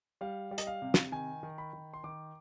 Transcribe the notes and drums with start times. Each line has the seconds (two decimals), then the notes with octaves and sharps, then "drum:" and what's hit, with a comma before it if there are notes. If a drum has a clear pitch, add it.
0.21 G3 F5
0.51 G3
0.58 D#5, drum: hi-hat
0.67 F5
0.82 C3
0.94 drum: snare
1.12 D#3 G#5
1.43 D#3
1.58 B5
1.73 D#3
1.94 C6
2.04 D#3 D6